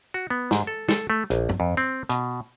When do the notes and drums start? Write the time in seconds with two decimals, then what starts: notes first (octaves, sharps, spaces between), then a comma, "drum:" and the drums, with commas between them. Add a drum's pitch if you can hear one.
0.14 F#4
0.30 B3
0.51 G#2, drum: snare
0.67 A4
0.89 A4, drum: snare
1.10 A3
1.30 A#1, drum: hi-hat
1.49 drum: tom G2
1.60 F2
1.77 C4
2.09 B2, drum: hi-hat